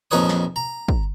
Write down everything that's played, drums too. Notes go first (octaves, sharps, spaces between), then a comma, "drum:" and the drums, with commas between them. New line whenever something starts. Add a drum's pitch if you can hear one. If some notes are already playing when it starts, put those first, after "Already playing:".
A#1 F2 D#4 B4 C#5 D#6
drum: snare
A#5
drum: kick